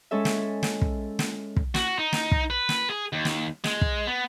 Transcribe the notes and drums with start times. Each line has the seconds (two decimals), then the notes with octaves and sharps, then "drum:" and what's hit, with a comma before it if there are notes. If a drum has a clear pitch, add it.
0.11 G#3 C#4 A4 E5
0.25 drum: snare
0.63 drum: snare
0.82 drum: kick
1.19 drum: snare
1.56 drum: kick
1.75 F#4, drum: snare
1.99 D#4
2.13 drum: snare
2.31 drum: kick
2.50 B4
2.69 drum: snare
2.90 G#4
3.13 D#2
3.25 drum: snare
3.64 G#3, drum: snare
3.81 drum: kick
4.07 B3